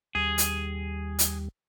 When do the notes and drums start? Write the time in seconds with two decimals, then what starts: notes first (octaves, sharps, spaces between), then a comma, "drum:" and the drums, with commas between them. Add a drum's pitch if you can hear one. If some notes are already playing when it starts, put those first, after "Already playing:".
0.15 D#2 G3 G#4
0.38 drum: hi-hat
1.19 drum: hi-hat